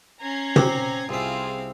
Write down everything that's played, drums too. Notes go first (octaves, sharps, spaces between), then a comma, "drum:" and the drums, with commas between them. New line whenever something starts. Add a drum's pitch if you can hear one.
C#4 A#5 G#6 C7
C4 D6, drum: tom
C2 C4 E4 F4 G#4 F5